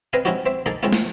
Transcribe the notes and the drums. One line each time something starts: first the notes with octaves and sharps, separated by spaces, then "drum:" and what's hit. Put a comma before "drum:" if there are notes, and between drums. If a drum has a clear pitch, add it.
C4 B4 D#5 F5 G#5
C4 C#4 D#4 E4 F#4 G4
C4 C5 E5
A#3 D#4 G#4 A4
G#2 G#3 C4 C#4 E4 F4
drum: snare